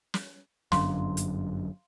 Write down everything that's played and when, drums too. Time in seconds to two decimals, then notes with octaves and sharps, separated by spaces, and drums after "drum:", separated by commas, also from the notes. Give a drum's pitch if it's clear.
0.14 drum: snare
0.72 G1 F#2 D3 F5 A#5 C6, drum: snare
1.17 drum: hi-hat